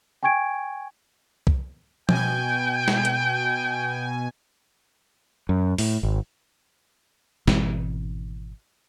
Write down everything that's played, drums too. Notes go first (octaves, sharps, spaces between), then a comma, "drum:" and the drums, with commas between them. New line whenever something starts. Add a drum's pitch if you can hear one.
G5 G#5 C#6 G#6 D7
drum: kick C2
B2 G5 G#5, drum: tom F3
drum: snare
drum: hi-hat
F#2
A2, drum: open hi-hat
G#1
G#1 B2 E3 C4, drum: snare